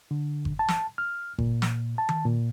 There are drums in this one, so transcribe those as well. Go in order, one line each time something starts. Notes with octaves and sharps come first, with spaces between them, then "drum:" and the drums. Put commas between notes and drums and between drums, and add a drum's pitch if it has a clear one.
D3
drum: kick G1
A5
drum: snare
F6
A#2, drum: kick G1
drum: snare
A5
drum: tom D#3
A#2